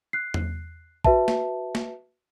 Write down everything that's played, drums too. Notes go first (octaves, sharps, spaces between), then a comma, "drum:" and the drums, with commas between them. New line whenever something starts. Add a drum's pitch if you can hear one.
F#6 C7
drum: tom E2
F#4 B4 E5 A5, drum: kick A1
drum: snare
drum: snare